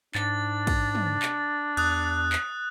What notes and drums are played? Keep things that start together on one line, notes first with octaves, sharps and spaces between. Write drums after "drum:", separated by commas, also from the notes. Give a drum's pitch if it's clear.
G#2 D4 A6, drum: clap
drum: kick, cymbal
drum: tom
drum: clap
E2 D#6 F#6, drum: cymbal
drum: clap